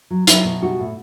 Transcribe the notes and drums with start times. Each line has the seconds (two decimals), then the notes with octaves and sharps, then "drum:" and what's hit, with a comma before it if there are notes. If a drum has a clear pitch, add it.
0.10 F#3
0.27 F#3 E4, drum: hi-hat
0.45 B2
0.62 G3 F#4
0.79 A2